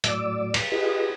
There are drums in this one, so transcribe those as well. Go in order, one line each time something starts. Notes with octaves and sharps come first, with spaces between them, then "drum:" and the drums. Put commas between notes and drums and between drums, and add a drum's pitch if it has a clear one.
A2 F#3 D5 D6 E6, drum: hi-hat
drum: cymbal
F4 G4 G#4 B4 D#5